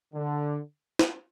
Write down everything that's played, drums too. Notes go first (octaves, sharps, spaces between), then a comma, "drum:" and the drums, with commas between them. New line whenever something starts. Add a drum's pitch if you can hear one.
D3
drum: snare